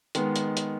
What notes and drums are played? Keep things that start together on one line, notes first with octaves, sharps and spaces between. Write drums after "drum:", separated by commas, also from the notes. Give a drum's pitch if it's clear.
D#3 G#3 B3, drum: hi-hat
drum: hi-hat
drum: hi-hat